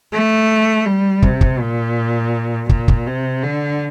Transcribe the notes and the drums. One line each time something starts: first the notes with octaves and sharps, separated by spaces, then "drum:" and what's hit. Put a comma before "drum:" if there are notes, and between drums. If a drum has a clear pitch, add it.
A3
G3
C3, drum: kick
drum: kick
A#2
A#2, drum: kick
drum: kick
C3
D3